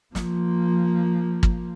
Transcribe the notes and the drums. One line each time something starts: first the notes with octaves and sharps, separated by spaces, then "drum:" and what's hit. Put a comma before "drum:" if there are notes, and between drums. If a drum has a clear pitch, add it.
F3 A#3, drum: snare
drum: kick